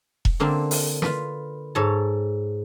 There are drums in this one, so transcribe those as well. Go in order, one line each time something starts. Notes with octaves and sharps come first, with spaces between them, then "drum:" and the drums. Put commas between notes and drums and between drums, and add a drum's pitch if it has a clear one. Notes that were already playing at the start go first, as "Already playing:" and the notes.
drum: kick E1
D3 A#3 C4 D4
drum: open hi-hat
F4 B4, drum: snare
G#2 A4 C#5 A5